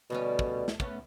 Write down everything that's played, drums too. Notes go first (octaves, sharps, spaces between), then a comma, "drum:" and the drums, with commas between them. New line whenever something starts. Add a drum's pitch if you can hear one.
D2 B2 G3 C#4
drum: kick
drum: snare
A3 B3 C#4, drum: kick